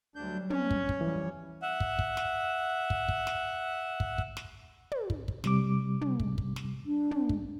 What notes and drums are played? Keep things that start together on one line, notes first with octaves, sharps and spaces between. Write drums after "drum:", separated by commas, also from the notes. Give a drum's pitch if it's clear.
D2 F#3 G3 D4 G6
C#4 C#5, drum: tom
drum: kick
drum: kick
E3 F3 G3
E5 F#5
drum: kick
drum: kick
drum: snare
drum: kick
drum: kick
drum: snare
drum: kick
drum: kick
drum: snare
drum: tom
drum: kick
drum: kick
C3 G3 D6, drum: snare
drum: tom
drum: kick
drum: kick
drum: snare
D4
drum: tom
drum: kick